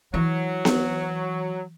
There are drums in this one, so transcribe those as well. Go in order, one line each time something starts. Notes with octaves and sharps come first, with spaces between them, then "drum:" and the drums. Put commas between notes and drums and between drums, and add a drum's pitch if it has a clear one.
E3 F#3
drum: snare B3